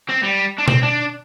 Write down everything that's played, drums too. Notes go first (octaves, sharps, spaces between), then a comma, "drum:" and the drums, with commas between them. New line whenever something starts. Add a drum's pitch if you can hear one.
C4
G3
D4
C4, drum: tom B2
D4